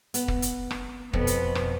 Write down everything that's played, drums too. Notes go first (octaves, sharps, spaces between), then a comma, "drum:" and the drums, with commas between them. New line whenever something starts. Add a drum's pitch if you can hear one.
B3, drum: hi-hat
drum: kick
drum: hi-hat
drum: rim click
F2 B2 B3, drum: kick
drum: hi-hat
drum: rim click